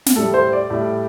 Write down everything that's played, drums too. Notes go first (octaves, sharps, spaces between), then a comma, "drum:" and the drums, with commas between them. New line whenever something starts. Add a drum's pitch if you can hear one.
drum: snare
A2 G3 A4
C5
D5
A2 G3